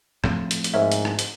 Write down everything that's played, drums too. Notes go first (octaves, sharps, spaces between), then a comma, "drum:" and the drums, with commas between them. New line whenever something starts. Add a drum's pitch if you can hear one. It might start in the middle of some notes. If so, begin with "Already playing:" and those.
A2 F3 C4, drum: rim click
drum: hi-hat
drum: hi-hat
G#2 A#4 C#5 E5
drum: hi-hat
drum: rim click
drum: hi-hat